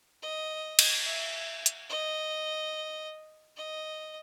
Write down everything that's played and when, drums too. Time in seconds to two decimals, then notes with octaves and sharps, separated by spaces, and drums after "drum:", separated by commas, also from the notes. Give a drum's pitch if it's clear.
0.22 D#5
0.79 drum: cymbal
1.06 E5
1.66 drum: hi-hat
1.90 D#5
3.57 D#5